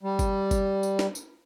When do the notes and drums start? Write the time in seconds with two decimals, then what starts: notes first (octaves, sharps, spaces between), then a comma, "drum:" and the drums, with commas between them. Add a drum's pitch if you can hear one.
0.03 G3
0.19 drum: kick, tambourine
0.51 drum: kick, tambourine
0.83 drum: tambourine
0.99 drum: snare
1.15 drum: tambourine